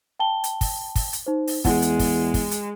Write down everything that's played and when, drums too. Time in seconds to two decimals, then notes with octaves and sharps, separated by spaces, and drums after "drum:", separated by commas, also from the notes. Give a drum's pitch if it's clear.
0.20 G5 A5 G7
0.44 drum: hi-hat
0.61 drum: kick, open hi-hat
0.96 drum: kick, open hi-hat
1.13 drum: hi-hat
1.26 D#4 C5
1.47 drum: open hi-hat
1.65 E2 G#3 F#5, drum: kick, open hi-hat
1.82 drum: hi-hat
1.99 drum: kick, open hi-hat
2.34 drum: kick, open hi-hat
2.51 drum: hi-hat